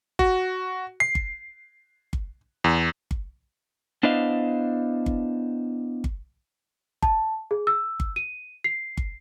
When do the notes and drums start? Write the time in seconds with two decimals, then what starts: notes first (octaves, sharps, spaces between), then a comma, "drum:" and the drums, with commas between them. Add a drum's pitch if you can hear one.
0.19 F#4, drum: kick G1
1.00 C7
1.15 drum: kick G1
2.13 drum: kick G1
2.64 E2
3.11 drum: kick G1
4.03 B3 D4 E4 C5 D#5 F5
5.06 drum: kick G1
6.04 drum: kick G1
7.02 A5, drum: kick G1
7.51 G#4
7.67 E6
8.00 drum: kick G1
8.16 D#7
8.64 C7
8.97 drum: kick G1